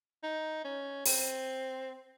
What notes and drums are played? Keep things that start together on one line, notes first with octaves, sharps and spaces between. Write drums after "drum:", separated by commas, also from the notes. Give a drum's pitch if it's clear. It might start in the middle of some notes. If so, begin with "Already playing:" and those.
D#4
C#4
C4, drum: open hi-hat